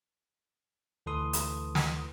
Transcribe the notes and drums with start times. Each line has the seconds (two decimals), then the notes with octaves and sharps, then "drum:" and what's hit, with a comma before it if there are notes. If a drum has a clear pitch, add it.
1.06 D2 E3 A4 B4 C6 D#6
1.33 drum: hi-hat
1.75 drum: snare